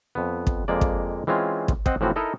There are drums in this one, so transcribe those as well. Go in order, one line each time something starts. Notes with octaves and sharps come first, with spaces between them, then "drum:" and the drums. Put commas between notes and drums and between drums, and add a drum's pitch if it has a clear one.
F2 B3
drum: kick
F2 G#3 A#3 D5
drum: kick
E3 G#3 C4 C#4 F4
drum: kick
C4 C5 D#5 F#5, drum: kick
A2 E3 F3 C4 F#4
D#4 E4 A4 A#4 D#5